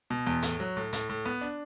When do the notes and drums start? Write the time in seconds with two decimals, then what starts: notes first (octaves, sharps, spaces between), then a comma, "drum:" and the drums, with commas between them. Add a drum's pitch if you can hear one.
0.10 B2
0.26 E2
0.43 A2, drum: hi-hat
0.60 F#3
0.77 A2
0.93 A2, drum: hi-hat
1.09 A2
1.25 B3
1.41 D4